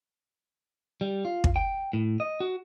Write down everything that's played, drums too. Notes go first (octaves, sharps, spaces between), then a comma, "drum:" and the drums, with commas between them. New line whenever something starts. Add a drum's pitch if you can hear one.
G3
F4
drum: kick
G5
A2
D#5
F#4